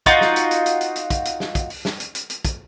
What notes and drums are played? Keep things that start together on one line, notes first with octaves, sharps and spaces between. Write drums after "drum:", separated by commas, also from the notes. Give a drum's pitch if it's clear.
D#4 F4 F#4, drum: kick, hi-hat
drum: snare
drum: hi-hat
drum: hi-hat
drum: hi-hat
drum: hi-hat
drum: hi-hat
drum: kick, hi-hat
drum: hi-hat
drum: snare
drum: kick, hi-hat
drum: open hi-hat
drum: snare
drum: hi-hat
drum: hi-hat
drum: hi-hat
drum: kick, hi-hat